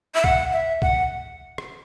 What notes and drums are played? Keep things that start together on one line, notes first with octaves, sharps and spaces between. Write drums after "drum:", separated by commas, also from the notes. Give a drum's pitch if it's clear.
E5
F#5, drum: kick C2
E5
F#5, drum: kick C2
drum: rim click